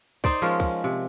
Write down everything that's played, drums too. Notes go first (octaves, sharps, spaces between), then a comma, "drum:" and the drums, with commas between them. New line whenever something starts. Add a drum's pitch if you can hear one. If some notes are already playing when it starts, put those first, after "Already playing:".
D#4 C5 D5, drum: kick
F3 G#3 C#4 A#4
drum: kick, cymbal
C3